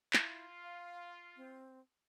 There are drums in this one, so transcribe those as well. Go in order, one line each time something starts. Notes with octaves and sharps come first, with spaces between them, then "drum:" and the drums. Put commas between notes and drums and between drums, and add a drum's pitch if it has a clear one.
E4 F4, drum: clap
F5
C4